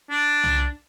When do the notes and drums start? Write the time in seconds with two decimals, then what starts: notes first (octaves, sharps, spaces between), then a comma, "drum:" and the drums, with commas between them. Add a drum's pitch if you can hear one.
0.10 D4
0.43 drum: tom C2